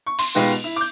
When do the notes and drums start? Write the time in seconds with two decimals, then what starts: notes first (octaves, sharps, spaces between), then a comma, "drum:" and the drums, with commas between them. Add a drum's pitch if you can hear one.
0.06 C#6
0.19 C6, drum: cymbal
0.35 B2 G#3 D#4 F4 G4 B4
0.52 F7
0.64 E4
0.76 D6 G6